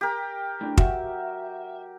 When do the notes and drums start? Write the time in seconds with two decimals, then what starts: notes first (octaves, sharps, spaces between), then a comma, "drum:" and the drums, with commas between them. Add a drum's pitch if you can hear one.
0.01 G4 A#4
0.61 A2 D4
0.77 F#4 E5, drum: kick